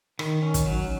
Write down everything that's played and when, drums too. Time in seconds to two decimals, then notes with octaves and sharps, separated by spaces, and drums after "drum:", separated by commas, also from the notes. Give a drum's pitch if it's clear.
0.19 D#3, drum: rim click
0.42 C#4
0.54 drum: kick, hi-hat
0.66 F#3